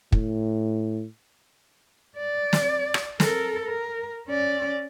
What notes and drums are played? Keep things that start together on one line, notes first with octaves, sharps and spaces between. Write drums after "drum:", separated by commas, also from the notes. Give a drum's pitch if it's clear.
A2, drum: kick
D5
drum: snare
drum: rim click
A4 A#4, drum: snare
A#4
C#4 D5